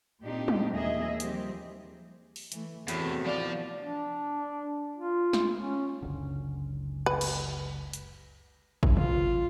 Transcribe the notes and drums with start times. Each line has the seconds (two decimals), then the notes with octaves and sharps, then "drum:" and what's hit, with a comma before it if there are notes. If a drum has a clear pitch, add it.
0.23 A#2 C4 D4 D#4 G4
0.48 drum: tom
0.72 D#2 E3 A#3 G#4 D#5 E5
1.20 D#3 F3 G3 C4 G4, drum: hi-hat
2.36 drum: open hi-hat
2.52 E3 A3, drum: hi-hat
2.88 E2 A2 C3 B3 F#4, drum: hi-hat
3.26 F3 D5 F5
3.80 D4
4.96 F4
5.33 drum: snare
5.57 C#4
6.02 F#1 C#2 D3
7.06 B4
7.21 drum: cymbal
7.93 drum: hi-hat
8.83 drum: kick G#1
8.97 F4, drum: tom B2